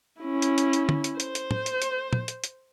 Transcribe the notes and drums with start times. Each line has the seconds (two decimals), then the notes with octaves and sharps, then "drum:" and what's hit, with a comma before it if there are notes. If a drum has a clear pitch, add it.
0.21 C#4 E4
0.42 drum: hi-hat
0.58 drum: hi-hat
0.73 drum: hi-hat
0.89 drum: tom
1.04 drum: hi-hat
1.20 C5, drum: hi-hat
1.35 drum: hi-hat
1.51 drum: tom
1.66 drum: hi-hat
1.82 drum: hi-hat
2.13 drum: tom
2.28 drum: hi-hat
2.44 drum: hi-hat